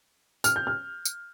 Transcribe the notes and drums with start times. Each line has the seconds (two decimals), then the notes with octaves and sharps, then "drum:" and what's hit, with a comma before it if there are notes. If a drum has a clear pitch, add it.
0.44 F6, drum: tambourine
0.56 G6
0.67 F6
1.05 drum: tambourine